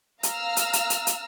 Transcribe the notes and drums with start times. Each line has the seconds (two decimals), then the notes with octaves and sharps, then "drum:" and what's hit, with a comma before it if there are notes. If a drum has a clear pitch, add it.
0.23 F5 A#5 E6 F6, drum: hi-hat
0.57 drum: hi-hat
0.73 drum: hi-hat
0.90 drum: hi-hat
1.07 drum: hi-hat